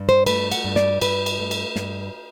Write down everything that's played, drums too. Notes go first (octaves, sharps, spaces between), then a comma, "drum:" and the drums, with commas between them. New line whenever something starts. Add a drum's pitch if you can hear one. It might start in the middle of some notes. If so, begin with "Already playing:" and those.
Already playing: G2
C5
A3 B4, drum: cymbal
F#5, drum: cymbal
G2
D5, drum: snare
G2 B4, drum: cymbal
drum: cymbal
A3
drum: cymbal
G2, drum: snare